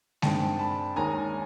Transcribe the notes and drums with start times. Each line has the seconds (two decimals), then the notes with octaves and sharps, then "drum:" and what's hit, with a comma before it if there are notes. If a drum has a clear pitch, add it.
0.22 G2 D#3 G#3 C4 G5 A5, drum: snare G#3
0.59 A5 B5
0.96 D#2 D#3 G#3 C#4 G#5 A#5